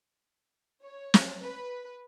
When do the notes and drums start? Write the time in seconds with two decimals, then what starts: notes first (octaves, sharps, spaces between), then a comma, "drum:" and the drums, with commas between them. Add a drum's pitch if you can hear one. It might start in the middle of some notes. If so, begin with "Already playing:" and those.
0.83 C#5
1.14 drum: snare
1.40 B4